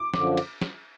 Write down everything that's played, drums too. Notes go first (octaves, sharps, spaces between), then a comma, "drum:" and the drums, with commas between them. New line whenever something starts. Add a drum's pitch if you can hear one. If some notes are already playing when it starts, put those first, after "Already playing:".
Already playing: D6
F#2 D3 F3, drum: snare
drum: cymbal
drum: snare